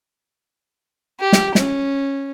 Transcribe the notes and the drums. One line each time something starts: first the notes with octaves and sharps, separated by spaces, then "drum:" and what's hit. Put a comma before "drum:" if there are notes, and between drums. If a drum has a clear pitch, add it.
G4
drum: snare
C#4, drum: snare